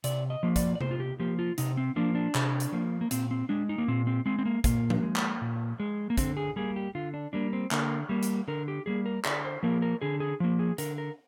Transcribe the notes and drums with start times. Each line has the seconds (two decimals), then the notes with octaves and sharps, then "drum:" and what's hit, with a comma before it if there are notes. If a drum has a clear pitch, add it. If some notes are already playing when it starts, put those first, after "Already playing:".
0.04 C3 D5, drum: hi-hat
0.30 D#5
0.43 F3 A#3
0.56 D5, drum: kick, hi-hat
0.75 D5
0.81 C3 C5, drum: tom C3
0.91 F4
1.00 G4
1.19 F3 A#3 G4
1.39 F4
1.58 C3 D#4, drum: hi-hat
1.77 C4
1.96 F3 A#3 D4
2.15 D4
2.35 C3, drum: clap
2.60 drum: hi-hat
2.72 F3 A#3
3.01 A#3
3.11 A#2 C4, drum: hi-hat
3.31 C4
3.49 G#3 D4
3.69 D#4
3.78 A#3
3.88 A#2 C4
4.07 C4
4.26 G#3 C4
4.39 C4
4.45 A#3
4.64 A#2 A#3, drum: kick, hi-hat
4.90 drum: tom F3
5.02 G#3
5.16 drum: clap
5.41 A#2
5.80 G#3
6.10 A#3
6.17 D3 C4, drum: kick, hi-hat
6.37 G#4
6.56 G3 A#3 G#4
6.76 G4
6.95 D3 F4
7.14 D4
7.33 G3 A#3 D4
7.53 C4
7.71 D3 A#3, drum: clap
8.09 G3 A#3
8.23 drum: hi-hat
8.48 D3 A#4
8.68 G4
8.86 G3 A#3 G#4
9.06 A#4
9.24 D3 D5, drum: clap
9.44 C5
9.63 F3 A#3 A#4
9.82 A#4
10.01 D3 G#4
10.20 G#4
10.40 F3 A#3
10.59 G#4
10.78 D3 A#4, drum: hi-hat
10.98 A#4